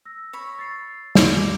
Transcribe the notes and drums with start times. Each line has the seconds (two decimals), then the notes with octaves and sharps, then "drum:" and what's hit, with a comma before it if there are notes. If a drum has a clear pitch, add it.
0.05 E6 A#6
0.33 C#5 B5
0.57 E6 A6 C7
1.15 E4 F#4 D6, drum: snare